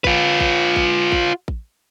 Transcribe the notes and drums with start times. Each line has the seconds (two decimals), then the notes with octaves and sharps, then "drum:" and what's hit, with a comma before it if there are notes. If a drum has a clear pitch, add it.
0.04 F4 B4, drum: kick A1
0.40 drum: kick A1
0.76 drum: kick A1
1.12 drum: kick A1
1.48 drum: kick A1